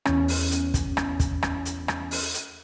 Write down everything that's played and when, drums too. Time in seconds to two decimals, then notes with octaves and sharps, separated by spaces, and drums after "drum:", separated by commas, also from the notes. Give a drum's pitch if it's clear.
0.05 E2 C#4, drum: rim click
0.28 drum: open hi-hat
0.51 drum: hi-hat
0.74 drum: kick, hi-hat
0.97 drum: rim click
1.20 drum: kick, hi-hat
1.43 drum: rim click
1.65 drum: hi-hat
1.88 drum: rim click
2.11 drum: open hi-hat
2.34 drum: hi-hat